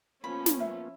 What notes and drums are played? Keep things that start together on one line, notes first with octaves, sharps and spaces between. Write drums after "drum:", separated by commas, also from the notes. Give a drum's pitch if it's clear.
F3 A#3 B3 C#4 F4 B5
drum: snare
E5